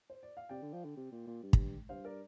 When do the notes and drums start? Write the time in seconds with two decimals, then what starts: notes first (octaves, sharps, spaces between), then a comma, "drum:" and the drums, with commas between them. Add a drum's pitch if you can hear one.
0.10 C5
0.23 D5
0.37 F5
0.49 C3 D5 G5
0.62 D3
0.73 F3
0.85 D3
0.97 C3
1.12 A#2
1.27 A#2
1.43 G2
1.53 drum: kick
1.89 G2 C5 F5
2.05 A#4 D5